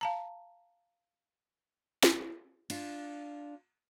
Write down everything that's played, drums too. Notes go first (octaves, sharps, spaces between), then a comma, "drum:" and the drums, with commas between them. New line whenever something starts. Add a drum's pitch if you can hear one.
F5 A5 A#5
drum: snare
D4 F4, drum: cymbal